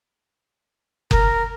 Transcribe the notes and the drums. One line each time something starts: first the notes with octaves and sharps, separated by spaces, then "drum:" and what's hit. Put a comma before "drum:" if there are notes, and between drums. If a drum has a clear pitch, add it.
A#4, drum: kick F#1